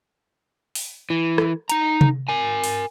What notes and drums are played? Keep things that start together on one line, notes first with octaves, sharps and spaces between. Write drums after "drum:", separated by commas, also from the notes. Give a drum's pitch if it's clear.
drum: open hi-hat
E3
drum: rim click
D#4 A#5, drum: hi-hat
drum: tom C3
A#4 G#5
drum: open hi-hat